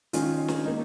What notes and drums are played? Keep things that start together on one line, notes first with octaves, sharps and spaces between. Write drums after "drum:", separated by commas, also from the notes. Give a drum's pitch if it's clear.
D#3 G#3 C#4 F4, drum: hi-hat
drum: snare
A#3 D#4